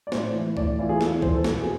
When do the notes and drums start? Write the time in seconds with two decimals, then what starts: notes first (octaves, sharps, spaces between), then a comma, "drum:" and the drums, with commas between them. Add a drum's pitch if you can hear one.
0.07 D5
0.12 A2 C5, drum: snare
0.34 E3
0.57 A2 D5, drum: kick
0.79 E3 F4
0.89 G#4
1.01 E2 A4, drum: snare
1.22 E2 C5, drum: kick
1.34 A4
1.44 B2 A4, drum: snare
1.61 G#4